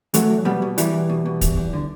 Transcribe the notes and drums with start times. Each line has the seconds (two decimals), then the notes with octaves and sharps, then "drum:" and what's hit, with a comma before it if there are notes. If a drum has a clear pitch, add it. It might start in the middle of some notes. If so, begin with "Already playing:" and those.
0.14 E2 F#3 A3, drum: hi-hat
0.30 E2
0.45 B2 G3 B3
0.62 B2
0.78 E2 E3 G3, drum: hi-hat
0.93 E2
1.09 B2
1.26 B2
1.41 E2, drum: kick, hi-hat
1.57 E2
1.73 D3